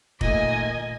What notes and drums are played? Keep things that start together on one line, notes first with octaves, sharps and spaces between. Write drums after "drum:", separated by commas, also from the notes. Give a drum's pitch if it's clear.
A#2 D#3 A3 D#5 G#5, drum: kick F1